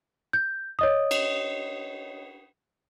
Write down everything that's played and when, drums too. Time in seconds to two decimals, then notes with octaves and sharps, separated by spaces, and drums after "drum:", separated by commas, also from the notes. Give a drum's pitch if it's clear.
0.33 G6
0.79 C#5 D#5 D#6
1.11 drum: cymbal